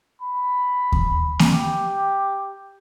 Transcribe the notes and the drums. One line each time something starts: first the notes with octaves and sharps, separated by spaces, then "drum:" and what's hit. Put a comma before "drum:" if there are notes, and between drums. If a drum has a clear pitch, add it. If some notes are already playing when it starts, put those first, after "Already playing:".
B5
drum: kick D#2
drum: snare A#3
G4